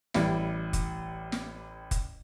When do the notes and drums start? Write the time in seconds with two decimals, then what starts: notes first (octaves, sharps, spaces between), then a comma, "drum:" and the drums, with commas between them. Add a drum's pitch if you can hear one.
0.14 A1 G3 E4, drum: snare
0.73 drum: kick, hi-hat
1.32 drum: snare
1.91 drum: kick, hi-hat